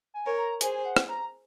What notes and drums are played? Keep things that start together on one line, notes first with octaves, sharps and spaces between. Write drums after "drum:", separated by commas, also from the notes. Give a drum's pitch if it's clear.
G#5
A#4 C#5
A#5
G#4 C5 G#5, drum: hi-hat
F#5
drum: rim click
A#5